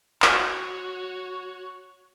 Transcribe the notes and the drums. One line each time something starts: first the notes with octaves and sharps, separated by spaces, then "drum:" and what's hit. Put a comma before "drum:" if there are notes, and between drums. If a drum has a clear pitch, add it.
F#4 C#5, drum: clap